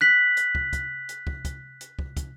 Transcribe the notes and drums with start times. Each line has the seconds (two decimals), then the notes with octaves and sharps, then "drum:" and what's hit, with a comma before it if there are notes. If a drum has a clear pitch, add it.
0.01 F#6 B6 F#7
0.37 drum: hi-hat
0.55 drum: kick
0.73 drum: kick, hi-hat
1.09 drum: hi-hat
1.27 drum: kick
1.45 drum: kick, hi-hat
1.81 drum: hi-hat
1.99 drum: kick
2.17 drum: kick, hi-hat